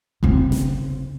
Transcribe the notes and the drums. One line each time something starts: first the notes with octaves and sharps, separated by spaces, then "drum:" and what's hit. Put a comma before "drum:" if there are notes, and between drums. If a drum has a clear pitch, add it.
C#3 C4, drum: kick F#1
drum: snare